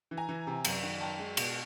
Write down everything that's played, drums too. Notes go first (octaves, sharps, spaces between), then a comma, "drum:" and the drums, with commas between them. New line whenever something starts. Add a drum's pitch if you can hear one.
E3
G#5 A#5
E3
C3
F#2, drum: cymbal
D#3
F#2 G5 A5
G#3
B2, drum: cymbal